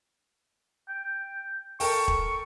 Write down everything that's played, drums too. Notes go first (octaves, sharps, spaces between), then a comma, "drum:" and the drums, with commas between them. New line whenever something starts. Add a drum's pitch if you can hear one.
G5
A4 A#4 G5 C#6, drum: open hi-hat
drum: kick E1